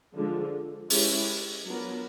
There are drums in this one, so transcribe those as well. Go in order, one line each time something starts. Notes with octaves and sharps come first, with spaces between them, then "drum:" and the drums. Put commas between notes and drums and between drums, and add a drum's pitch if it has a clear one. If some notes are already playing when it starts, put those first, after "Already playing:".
D3 F3 G#3
G#3 C#4 E4 G4, drum: open hi-hat
F#3 B3 D4 F4 A#4